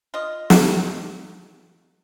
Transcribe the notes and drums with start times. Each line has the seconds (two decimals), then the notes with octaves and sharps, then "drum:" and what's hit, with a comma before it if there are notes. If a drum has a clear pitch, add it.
0.14 F4 D#5
0.50 drum: snare